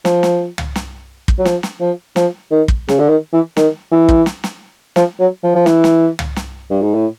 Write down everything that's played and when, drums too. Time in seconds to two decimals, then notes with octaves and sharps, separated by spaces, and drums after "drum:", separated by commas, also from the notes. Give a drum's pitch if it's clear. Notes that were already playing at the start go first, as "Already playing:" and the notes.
0.05 F3, drum: snare
0.23 drum: snare
0.58 drum: tom
0.76 drum: snare
1.28 drum: kick
1.38 F#3
1.45 F3, drum: snare
1.63 drum: snare
1.80 F3
2.16 F3, drum: snare
2.51 D#3
2.68 drum: kick
2.88 C#3, drum: snare
2.99 D3
3.09 D#3
3.33 E3
3.57 D#3, drum: snare
3.91 E3
4.09 drum: kick
4.26 drum: snare
4.44 drum: snare
4.96 F3, drum: snare
5.20 F#3
5.43 F3
5.55 F3
5.66 E3, drum: snare
5.84 drum: snare
6.19 drum: tom
6.36 drum: snare
6.70 G2
6.82 G#2
6.94 A2